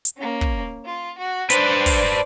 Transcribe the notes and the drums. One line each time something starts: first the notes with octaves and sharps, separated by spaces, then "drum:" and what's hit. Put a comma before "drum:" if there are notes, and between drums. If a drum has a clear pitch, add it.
drum: hi-hat
A#3 C#4
drum: kick
F4
F#4
D4 B4 C5 D5, drum: hi-hat
drum: kick, open hi-hat